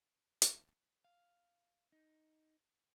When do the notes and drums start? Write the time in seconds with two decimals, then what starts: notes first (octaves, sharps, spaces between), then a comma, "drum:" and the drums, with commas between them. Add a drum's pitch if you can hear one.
0.42 drum: hi-hat
1.05 F5
1.92 D#4